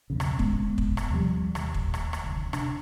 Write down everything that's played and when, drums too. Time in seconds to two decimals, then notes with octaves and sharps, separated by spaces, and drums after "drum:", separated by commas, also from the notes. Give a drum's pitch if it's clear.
0.10 B1 E2 C#3
0.20 drum: rim click
0.39 G1 G#3 B3, drum: kick
0.78 drum: kick
0.97 drum: rim click
1.10 D#2 C3 F3 G3
1.55 D#2, drum: rim click
1.74 drum: kick
1.94 drum: rim click
2.13 drum: rim click
2.24 F1 D2
2.53 C3 D4, drum: rim click